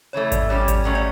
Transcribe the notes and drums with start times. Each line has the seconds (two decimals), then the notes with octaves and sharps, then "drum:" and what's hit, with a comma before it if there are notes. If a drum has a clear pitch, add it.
0.13 C#3 E3 A3 C#5
0.32 D5, drum: kick G#1, hi-hat
0.49 G3 C#4 G4 C#5
0.68 D5, drum: kick G#1, hi-hat
0.85 F#3 A3 C#4
0.95 D5